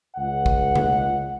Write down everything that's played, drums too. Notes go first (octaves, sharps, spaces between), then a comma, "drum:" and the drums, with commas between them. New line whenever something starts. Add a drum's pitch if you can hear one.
C#2 F#5
drum: kick
drum: tom C#3